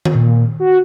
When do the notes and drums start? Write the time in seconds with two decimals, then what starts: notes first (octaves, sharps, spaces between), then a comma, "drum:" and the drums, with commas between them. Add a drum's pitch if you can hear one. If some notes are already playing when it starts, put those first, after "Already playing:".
0.05 drum: tom D#3
0.15 A#2
0.60 F#4